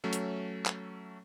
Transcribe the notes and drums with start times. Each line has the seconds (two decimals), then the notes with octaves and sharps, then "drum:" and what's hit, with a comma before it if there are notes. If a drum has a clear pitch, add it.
0.04 F#3 A3 C#4
0.13 drum: hi-hat
0.66 drum: clap